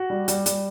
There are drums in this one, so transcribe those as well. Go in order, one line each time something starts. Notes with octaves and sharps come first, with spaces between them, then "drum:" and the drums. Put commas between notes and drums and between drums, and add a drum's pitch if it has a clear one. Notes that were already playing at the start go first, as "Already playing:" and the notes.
Already playing: F#4
G3
G3, drum: hi-hat
G3, drum: hi-hat